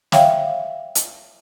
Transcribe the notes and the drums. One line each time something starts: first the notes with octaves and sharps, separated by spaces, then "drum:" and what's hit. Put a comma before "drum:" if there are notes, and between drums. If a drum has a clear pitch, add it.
C#5 E5 F5 G5, drum: snare
drum: hi-hat